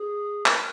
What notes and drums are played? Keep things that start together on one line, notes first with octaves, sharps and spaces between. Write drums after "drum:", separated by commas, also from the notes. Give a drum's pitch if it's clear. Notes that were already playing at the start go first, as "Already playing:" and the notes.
Already playing: G#4
A#4, drum: clap